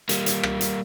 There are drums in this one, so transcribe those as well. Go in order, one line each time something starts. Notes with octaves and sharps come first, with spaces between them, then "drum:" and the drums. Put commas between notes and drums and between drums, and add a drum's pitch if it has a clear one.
G3 A#3, drum: hi-hat
drum: hi-hat
drum: rim click
drum: hi-hat